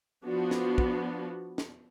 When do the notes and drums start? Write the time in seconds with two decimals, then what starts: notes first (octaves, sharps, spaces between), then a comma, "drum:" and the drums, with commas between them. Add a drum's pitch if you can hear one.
0.25 F3 B3 D4 F#4
0.51 drum: snare
0.78 drum: kick
1.58 drum: snare